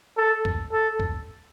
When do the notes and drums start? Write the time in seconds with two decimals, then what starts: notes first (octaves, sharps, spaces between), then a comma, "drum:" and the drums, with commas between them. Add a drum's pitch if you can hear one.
0.17 A4
0.45 drum: kick
0.73 A4
0.99 drum: kick